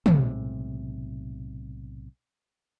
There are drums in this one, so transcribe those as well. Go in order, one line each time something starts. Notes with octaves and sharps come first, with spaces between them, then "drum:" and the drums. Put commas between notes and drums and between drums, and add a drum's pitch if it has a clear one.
B1 A2 C3 G#3, drum: tom